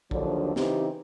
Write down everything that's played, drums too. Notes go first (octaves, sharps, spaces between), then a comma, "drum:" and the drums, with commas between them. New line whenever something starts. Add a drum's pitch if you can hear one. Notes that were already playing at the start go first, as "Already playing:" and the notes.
D#2 D3 F3 F#3 D4, drum: kick
C#3 E3 C4 D#4 G4, drum: snare